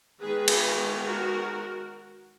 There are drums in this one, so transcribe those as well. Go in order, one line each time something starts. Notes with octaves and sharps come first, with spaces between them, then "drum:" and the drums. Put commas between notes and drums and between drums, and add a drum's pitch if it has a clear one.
D#3 G#3 B3 G#4 B4
drum: cymbal
F#4 A#4